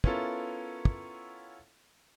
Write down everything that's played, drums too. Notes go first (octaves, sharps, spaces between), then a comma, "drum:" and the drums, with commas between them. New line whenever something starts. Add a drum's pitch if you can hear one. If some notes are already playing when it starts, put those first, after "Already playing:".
B3 C#4 E4 F4 A4 A#4, drum: kick
drum: kick